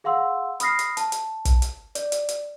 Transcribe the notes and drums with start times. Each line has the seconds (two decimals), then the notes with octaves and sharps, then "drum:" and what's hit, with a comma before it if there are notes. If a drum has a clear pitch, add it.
0.04 G#4 F5 F#5 C6 E6
0.60 B5 D#6 F6 A#6 C7, drum: hi-hat
0.79 drum: hi-hat
0.97 A5, drum: hi-hat
1.12 drum: hi-hat
1.45 drum: kick, hi-hat
1.62 drum: hi-hat
1.95 D5, drum: hi-hat
2.12 drum: hi-hat
2.29 drum: hi-hat